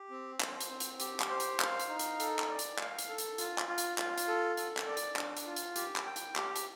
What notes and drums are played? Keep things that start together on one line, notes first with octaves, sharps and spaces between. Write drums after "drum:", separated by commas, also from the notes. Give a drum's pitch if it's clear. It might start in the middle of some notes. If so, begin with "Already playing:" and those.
Already playing: G4
C4
C5, drum: clap
drum: hi-hat
C4
drum: hi-hat
G4, drum: hi-hat
drum: clap
C5
drum: hi-hat
F5, drum: clap
drum: hi-hat
D#4
drum: hi-hat
A4, drum: hi-hat
drum: clap
D5
drum: hi-hat
F5, drum: clap
drum: hi-hat
A4
drum: hi-hat
F4, drum: hi-hat
drum: clap
F4
drum: hi-hat
F4, drum: clap
drum: hi-hat
A4
A4, drum: hi-hat
drum: clap
D5
drum: hi-hat
D4, drum: clap
drum: hi-hat
F4
drum: hi-hat
G4, drum: hi-hat
drum: clap
G5
drum: hi-hat
G4, drum: clap
drum: hi-hat